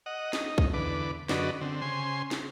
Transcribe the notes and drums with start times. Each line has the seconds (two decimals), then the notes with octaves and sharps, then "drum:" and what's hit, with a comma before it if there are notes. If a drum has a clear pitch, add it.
0.06 D#5 F#5
0.33 D#4, drum: snare
0.58 drum: kick
0.74 E2 D3 B4 D6
1.29 F#2 D3 F#4 B4 D5 D#5, drum: snare
1.61 D3 C4
1.82 C#3 C5 G#5 C6
2.31 drum: snare